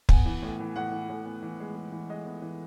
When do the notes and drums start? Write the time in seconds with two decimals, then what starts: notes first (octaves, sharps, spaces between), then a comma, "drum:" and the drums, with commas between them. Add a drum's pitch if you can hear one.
0.09 B3 G#5, drum: kick
0.26 E3
0.42 A2
0.60 E3
0.76 A2 F#5
0.92 E3
1.09 A2
1.25 B3
1.43 E3
1.60 G#3
1.75 G#3
1.92 E3
2.09 G#3 D#5
2.26 B3
2.42 E3